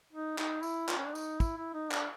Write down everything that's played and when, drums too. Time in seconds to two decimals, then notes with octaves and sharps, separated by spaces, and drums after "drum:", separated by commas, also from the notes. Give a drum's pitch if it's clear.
0.13 D#4
0.38 D#4, drum: clap
0.63 E4, drum: tambourine
0.89 F4, drum: clap
0.98 C#4
1.06 D4
1.15 D#4, drum: tambourine
1.40 E4, drum: kick, tambourine
1.57 E4
1.74 D#4
1.91 D4, drum: clap